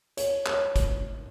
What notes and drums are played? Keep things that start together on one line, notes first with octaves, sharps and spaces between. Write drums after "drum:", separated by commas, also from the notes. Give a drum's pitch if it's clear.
C#5, drum: hi-hat
C#5, drum: clap
drum: kick, hi-hat